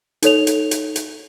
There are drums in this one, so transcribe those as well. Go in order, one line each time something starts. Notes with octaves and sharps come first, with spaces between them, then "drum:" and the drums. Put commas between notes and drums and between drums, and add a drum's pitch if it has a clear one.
D#4 A4 C#5 F7, drum: hi-hat
drum: hi-hat
drum: hi-hat
drum: hi-hat